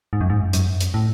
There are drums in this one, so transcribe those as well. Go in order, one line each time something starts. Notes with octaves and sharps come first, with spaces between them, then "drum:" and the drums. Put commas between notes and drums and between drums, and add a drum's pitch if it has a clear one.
G#2
F#2
G#2
F#2, drum: hi-hat
drum: hi-hat
A2